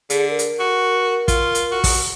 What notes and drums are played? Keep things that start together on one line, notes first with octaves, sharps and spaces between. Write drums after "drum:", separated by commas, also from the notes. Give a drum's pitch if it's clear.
D3 G#4, drum: hi-hat
A#4
drum: hi-hat
F#4
F4, drum: kick, hi-hat
drum: hi-hat
F#4
drum: kick, open hi-hat